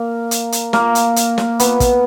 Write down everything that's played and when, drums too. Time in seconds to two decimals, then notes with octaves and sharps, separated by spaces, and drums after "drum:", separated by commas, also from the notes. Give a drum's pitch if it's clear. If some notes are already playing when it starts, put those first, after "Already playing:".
Already playing: A#3 A#4
0.31 drum: hi-hat
0.52 drum: hi-hat
0.73 A#3 A#4, drum: snare
0.95 drum: hi-hat
1.16 drum: hi-hat
1.38 drum: snare
1.59 B3 B4, drum: hi-hat
1.80 drum: kick, hi-hat